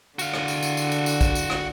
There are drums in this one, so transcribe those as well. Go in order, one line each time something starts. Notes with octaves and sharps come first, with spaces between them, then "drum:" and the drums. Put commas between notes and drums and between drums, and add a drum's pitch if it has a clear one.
D3 F#4 F5, drum: tambourine
drum: rim click
drum: tambourine
drum: tambourine
drum: tambourine
drum: tambourine
drum: tambourine
drum: kick, tambourine
drum: tambourine
drum: rim click